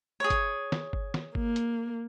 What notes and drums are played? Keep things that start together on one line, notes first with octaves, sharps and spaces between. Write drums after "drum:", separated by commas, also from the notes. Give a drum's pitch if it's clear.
G#4 C#5
drum: kick G1, hi-hat
drum: snare
drum: kick G1
drum: snare
A#3, drum: kick G1
drum: hi-hat